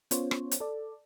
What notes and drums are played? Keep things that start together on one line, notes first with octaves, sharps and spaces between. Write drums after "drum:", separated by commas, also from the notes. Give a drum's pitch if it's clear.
B3 C#4 F4 C5 C#5, drum: hi-hat
drum: rim click
drum: hi-hat
A4 D5